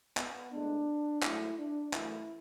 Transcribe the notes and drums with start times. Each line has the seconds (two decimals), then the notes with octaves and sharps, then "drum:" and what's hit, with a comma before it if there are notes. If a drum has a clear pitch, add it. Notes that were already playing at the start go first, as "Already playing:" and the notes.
0.17 B3, drum: clap
0.52 A2 G#3 B3 D4
1.23 G#2 F#3 A3 E4, drum: clap
1.58 D4
1.94 F#2 E3 A3 E4, drum: clap